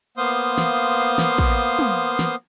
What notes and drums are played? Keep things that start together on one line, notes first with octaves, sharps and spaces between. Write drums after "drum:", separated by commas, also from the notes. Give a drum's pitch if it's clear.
A#3 B3 C5 F5 C6 D#6
drum: snare
drum: snare
drum: kick
drum: tom
drum: snare